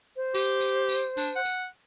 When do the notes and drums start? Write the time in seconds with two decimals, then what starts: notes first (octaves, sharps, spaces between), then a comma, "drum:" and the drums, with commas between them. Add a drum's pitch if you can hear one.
0.16 C5
0.35 G4, drum: tambourine
0.61 drum: tambourine
0.89 drum: tambourine
1.17 D4, drum: tambourine
1.36 F#5
1.45 drum: tambourine